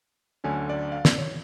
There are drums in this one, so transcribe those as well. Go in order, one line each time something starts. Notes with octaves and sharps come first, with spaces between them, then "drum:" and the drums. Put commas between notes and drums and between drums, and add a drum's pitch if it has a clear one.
D2 D3 F#3 C#4 G#5
D5
F5
D5, drum: snare
C#5